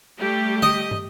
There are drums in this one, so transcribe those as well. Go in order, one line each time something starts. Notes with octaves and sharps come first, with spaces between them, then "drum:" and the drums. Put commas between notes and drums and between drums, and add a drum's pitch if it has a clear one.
G3 A3 G4
D#5, drum: tom
drum: tom